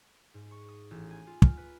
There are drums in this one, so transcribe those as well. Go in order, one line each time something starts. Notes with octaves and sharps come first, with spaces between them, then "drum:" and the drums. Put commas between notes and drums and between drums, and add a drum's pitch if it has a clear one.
G#2
C#6
D#6
A1
G#5
F4
F6, drum: kick
B4